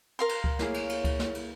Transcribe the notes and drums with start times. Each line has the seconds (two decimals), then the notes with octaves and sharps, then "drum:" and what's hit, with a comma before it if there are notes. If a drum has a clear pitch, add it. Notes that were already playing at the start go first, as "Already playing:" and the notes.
0.19 A#4 F5 C6
0.29 drum: cymbal
0.44 drum: kick C#2
0.59 A#3 E4 G#4 C#5, drum: snare
0.74 drum: cymbal
0.89 drum: cymbal
1.04 drum: kick C#2, cymbal
1.19 drum: snare
1.35 drum: cymbal